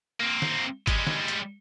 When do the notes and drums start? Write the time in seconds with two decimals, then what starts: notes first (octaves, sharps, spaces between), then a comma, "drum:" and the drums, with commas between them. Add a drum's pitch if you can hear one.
0.20 A#3 C4
0.42 drum: snare
0.87 G3 G#3, drum: kick, hi-hat
1.07 drum: snare
1.28 drum: hi-hat